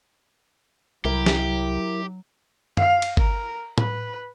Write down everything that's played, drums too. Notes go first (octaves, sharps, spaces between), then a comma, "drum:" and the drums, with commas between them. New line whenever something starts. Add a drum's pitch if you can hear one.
C2 F#3 E4 G4 A#4
drum: snare
F5, drum: tom
drum: cymbal
A#4, drum: kick G1
B4, drum: tom